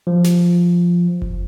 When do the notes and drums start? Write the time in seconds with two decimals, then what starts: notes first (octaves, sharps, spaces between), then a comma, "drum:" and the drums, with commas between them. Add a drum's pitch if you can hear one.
0.07 F3
0.24 drum: snare
1.22 drum: kick F#1